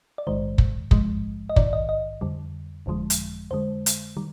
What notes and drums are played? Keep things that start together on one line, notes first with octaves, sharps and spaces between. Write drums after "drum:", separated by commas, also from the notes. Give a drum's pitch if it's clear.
D5
A#1 G#2 D#3 G#3 C5
drum: kick
A#1 G#2 F3 G#3, drum: kick
D#5
A#1 G#2 D#3 D5, drum: kick
D#5
D#5
F2 D3 G3
G1 F2 D3 F3 G#3
drum: hi-hat
F2 D3 G#3 C5
drum: hi-hat
D#3 G3